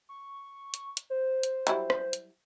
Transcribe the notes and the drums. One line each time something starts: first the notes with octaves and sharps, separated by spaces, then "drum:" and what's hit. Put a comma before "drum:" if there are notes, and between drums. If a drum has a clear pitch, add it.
C#6
drum: hi-hat
drum: hi-hat
C5
drum: hi-hat
F#3 G3 E4, drum: hi-hat
drum: rim click
drum: hi-hat